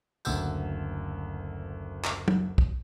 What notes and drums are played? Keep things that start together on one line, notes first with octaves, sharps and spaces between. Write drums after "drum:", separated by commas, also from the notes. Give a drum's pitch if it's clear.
F#1 D2 F#5 E6 G6, drum: tambourine
drum: clap
drum: tom F#3
drum: kick